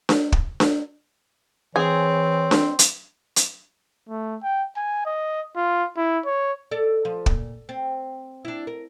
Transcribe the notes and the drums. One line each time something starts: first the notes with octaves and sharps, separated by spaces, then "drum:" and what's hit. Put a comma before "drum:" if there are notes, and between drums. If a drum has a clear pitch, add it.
drum: snare D4
drum: kick
drum: snare D4
E3 C4 G#4 C#5
drum: snare D4
drum: hi-hat
drum: hi-hat
A3
G5
G#5
D#5
F4
E4
C#5
A4 D5
F3
A#2, drum: kick
C4
D4 E4
A#4